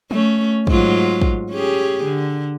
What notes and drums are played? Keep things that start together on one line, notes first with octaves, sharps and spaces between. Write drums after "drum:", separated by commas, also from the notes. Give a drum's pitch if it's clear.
A3 C#4, drum: tom
G#2 F#3 F4, drum: kick
drum: kick
C#4 G4 G#4
D3